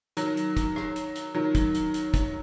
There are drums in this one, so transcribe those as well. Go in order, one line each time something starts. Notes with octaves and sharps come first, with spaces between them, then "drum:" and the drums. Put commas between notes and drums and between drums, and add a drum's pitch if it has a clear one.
D#3 F#3, drum: hi-hat
drum: hi-hat
drum: kick, hi-hat
drum: rim click
drum: hi-hat
drum: hi-hat
D#3 F#3
drum: kick, hi-hat
drum: hi-hat
drum: hi-hat
drum: kick, hi-hat